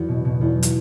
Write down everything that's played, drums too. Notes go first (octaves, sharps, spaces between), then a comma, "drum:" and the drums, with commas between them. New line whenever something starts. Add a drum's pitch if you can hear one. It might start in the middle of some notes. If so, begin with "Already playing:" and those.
Already playing: E2 F#4
B2
B2
E2
drum: hi-hat